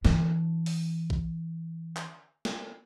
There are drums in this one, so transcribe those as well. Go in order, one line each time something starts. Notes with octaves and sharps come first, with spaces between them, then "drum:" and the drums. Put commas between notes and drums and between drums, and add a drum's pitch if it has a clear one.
E3 D4, drum: snare
drum: open hi-hat
drum: kick A#1
drum: clap
drum: snare